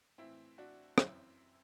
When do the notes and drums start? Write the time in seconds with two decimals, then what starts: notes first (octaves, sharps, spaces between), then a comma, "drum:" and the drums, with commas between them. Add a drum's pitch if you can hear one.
0.18 A2 E3 C4 E4
0.58 D4 F#4
0.98 F#2 E3 C4 E4, drum: rim click